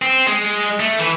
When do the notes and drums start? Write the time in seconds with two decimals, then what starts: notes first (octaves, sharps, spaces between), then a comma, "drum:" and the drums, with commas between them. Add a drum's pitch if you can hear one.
0.02 C4
0.27 G#3
0.45 drum: cymbal
0.63 drum: cymbal
0.80 A3, drum: cymbal
0.99 E3, drum: cymbal